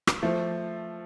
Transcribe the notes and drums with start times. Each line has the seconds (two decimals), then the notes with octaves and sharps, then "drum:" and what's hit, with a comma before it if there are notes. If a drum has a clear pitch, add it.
0.07 drum: rim click
0.23 F3 A3